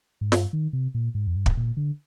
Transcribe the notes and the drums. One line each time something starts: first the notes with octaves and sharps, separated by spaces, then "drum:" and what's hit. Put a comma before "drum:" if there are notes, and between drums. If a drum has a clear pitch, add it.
G#2
G2, drum: snare
D#3
C3
A#2
G#2
F2
G2
drum: kick
A#2
D3